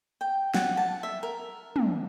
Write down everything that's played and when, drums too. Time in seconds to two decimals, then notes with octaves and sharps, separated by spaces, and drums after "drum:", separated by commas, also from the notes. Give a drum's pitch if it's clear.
0.21 G5
0.54 F#5, drum: snare
0.77 A5
1.03 E5
1.23 A#4
1.76 drum: tom